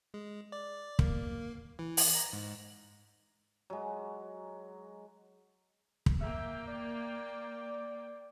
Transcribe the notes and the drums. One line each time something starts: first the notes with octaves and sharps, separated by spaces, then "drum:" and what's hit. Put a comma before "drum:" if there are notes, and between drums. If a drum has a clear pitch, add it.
G#3
D5
A#3, drum: kick
E3
drum: open hi-hat
A#5
G#2
F#3 G#3
drum: kick
A#3 E5 G5
D5